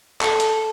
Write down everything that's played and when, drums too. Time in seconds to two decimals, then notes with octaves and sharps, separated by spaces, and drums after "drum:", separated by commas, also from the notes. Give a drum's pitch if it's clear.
0.21 A4, drum: clap
0.40 drum: hi-hat